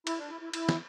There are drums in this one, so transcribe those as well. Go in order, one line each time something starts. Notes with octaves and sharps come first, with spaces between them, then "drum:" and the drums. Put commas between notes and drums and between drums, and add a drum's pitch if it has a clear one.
E4, drum: cymbal
D4
E4
E4
E4, drum: cymbal
drum: snare